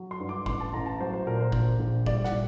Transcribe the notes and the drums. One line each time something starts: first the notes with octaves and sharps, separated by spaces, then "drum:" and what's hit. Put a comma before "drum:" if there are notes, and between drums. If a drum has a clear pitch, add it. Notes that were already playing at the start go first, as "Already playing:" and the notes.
Already playing: F#3
C6
G2
D6
A1 C6, drum: kick
A5
A1 A#5
A5
F#3 C5
C5
A#2 A#4
C5
A#1, drum: kick
A#1
G3 D5, drum: kick
F#5, drum: snare
A#2